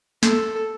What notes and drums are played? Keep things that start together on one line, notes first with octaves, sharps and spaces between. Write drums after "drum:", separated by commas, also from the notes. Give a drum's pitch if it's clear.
A4, drum: snare